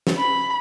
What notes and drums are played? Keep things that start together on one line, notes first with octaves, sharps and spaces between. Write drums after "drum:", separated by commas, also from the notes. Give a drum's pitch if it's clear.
drum: snare
B5